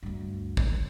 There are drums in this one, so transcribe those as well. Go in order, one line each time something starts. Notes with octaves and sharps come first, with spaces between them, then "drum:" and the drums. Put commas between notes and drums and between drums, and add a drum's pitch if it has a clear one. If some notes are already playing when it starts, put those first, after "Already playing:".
D2 G2
drum: kick